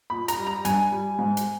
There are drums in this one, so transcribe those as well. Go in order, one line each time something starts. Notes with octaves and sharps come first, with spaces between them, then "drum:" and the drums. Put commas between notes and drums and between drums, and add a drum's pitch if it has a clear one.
A#2 B5
A#5, drum: hi-hat
G3
A#5
G2 G#5, drum: hi-hat
G3
G#2
drum: hi-hat